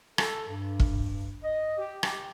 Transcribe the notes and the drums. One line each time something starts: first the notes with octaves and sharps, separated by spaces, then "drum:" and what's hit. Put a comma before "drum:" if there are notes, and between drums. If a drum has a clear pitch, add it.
A4, drum: rim click
G2
drum: kick
D#5
G4
G4, drum: rim click